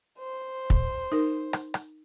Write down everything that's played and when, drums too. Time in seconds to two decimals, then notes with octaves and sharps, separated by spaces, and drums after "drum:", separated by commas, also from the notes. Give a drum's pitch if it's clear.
0.19 C5
0.70 drum: kick
1.12 D#4 A#4
1.53 drum: rim click
1.74 drum: rim click